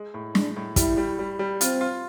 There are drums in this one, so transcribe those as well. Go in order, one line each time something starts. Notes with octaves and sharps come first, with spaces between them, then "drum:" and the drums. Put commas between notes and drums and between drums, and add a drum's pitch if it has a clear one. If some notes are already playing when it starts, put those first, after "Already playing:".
Already playing: G#3
A2
G#3 D4, drum: snare
A2
G3 E4, drum: kick, hi-hat
G3
G3
G3
C4 F4, drum: hi-hat
F4